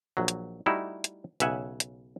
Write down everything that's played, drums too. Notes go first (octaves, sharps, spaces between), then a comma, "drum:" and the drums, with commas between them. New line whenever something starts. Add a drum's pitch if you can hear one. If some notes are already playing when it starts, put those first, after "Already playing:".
A#1 F#3
drum: hi-hat
G3 A3 D#4 E4 F#4
drum: hi-hat
B1 C#3 E5 F#5 G#5, drum: hi-hat
drum: hi-hat